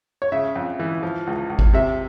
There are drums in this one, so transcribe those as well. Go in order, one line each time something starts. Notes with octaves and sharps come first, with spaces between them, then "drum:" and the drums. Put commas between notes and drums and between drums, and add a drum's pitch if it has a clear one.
C#5
C#3 E5
F2
E3
F3
C#2
C#2
drum: kick G#1
C3 E5